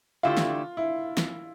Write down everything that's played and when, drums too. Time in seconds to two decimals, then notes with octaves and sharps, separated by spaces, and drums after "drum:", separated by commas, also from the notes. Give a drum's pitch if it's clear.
0.23 D3 A3 E4 F4 G4
0.37 drum: snare
0.77 E4
1.17 drum: snare